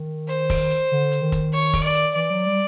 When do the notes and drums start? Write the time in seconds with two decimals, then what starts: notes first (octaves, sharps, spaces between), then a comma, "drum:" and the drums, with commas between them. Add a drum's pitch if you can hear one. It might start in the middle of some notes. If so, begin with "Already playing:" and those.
Already playing: D#3
0.29 C5, drum: hi-hat
0.50 drum: kick, open hi-hat
0.70 drum: hi-hat
0.92 D3
1.12 drum: hi-hat
1.22 D#3
1.32 drum: kick, hi-hat
1.53 C#5, drum: hi-hat
1.73 drum: kick, open hi-hat
1.84 D5
1.94 drum: hi-hat
2.15 E3 D5
2.30 F#3
2.46 G3